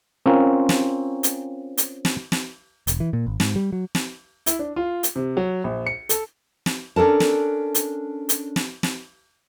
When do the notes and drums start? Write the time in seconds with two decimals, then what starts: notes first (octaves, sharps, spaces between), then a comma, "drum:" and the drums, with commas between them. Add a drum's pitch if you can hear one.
0.26 C4 C#4 F4 A#4
0.69 drum: snare
1.23 drum: hi-hat
1.78 drum: hi-hat
2.05 drum: snare
2.32 drum: snare
2.87 E1, drum: hi-hat
3.00 E3
3.13 A#2
3.27 G#1
3.40 G#2, drum: snare
3.56 G3
3.72 F#3
3.95 drum: snare
4.46 E4, drum: hi-hat
4.59 D4
4.76 F4
5.03 drum: hi-hat
5.16 C3
5.37 F#3
5.64 A#1
5.87 C#7
6.09 A4, drum: hi-hat
6.66 drum: snare
6.96 C#4 D4 A4 A#4 A5
7.20 drum: snare
7.75 drum: hi-hat
8.29 drum: hi-hat
8.56 drum: snare
8.83 drum: snare